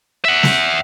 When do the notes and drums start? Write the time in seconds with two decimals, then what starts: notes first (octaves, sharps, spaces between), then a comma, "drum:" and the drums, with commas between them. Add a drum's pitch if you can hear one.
0.25 E5 F#5
0.43 drum: snare